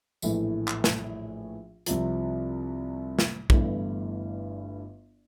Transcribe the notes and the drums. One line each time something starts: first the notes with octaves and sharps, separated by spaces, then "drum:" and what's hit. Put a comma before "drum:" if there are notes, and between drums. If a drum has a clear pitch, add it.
A#1 A2 E3 A3 E4, drum: tambourine
drum: clap
drum: snare
C2 C3 F3, drum: hi-hat
drum: snare
G1 G2 E3 A3 E4, drum: kick